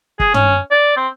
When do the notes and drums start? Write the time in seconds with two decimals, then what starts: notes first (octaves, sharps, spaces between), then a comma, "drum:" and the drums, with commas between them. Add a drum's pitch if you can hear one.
0.20 G#4, drum: kick
0.34 C#4, drum: tom
0.71 D5
0.97 C4